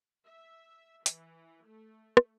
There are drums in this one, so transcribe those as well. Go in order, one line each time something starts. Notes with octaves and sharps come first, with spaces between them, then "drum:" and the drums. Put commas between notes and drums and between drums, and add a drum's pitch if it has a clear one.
E5
E3, drum: hi-hat
A3
drum: rim click